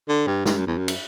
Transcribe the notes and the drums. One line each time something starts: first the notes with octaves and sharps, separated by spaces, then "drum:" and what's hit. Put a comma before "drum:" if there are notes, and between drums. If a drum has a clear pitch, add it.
D3
G2
G2, drum: snare
F#2
E2
F#2
drum: cymbal